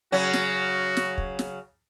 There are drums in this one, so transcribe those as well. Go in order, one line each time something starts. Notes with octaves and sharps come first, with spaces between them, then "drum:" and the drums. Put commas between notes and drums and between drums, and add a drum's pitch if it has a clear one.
C#3 F#3 C#4 F#4
drum: snare
drum: snare
drum: kick
drum: snare